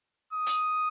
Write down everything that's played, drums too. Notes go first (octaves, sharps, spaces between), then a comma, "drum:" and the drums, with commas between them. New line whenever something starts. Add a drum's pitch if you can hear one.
D#6
drum: hi-hat